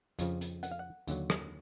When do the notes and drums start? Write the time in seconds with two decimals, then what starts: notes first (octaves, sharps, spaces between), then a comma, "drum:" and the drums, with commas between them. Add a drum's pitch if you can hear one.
0.19 F2 C#3 F3, drum: hi-hat
0.41 drum: hi-hat
0.63 F#5, drum: hi-hat
0.72 F5
0.79 F#5
1.07 D#2 D3 F#3, drum: hi-hat
1.30 drum: rim click